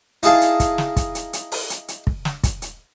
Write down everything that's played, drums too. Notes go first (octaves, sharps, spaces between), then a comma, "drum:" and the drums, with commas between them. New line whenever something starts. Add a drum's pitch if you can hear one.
D#4 E4 G#4 F5 A5, drum: hi-hat
drum: hi-hat
drum: kick, hi-hat
drum: snare
drum: kick, hi-hat
drum: hi-hat
drum: hi-hat
drum: open hi-hat
drum: hi-hat
drum: hi-hat
drum: kick
drum: snare
drum: kick, hi-hat
drum: hi-hat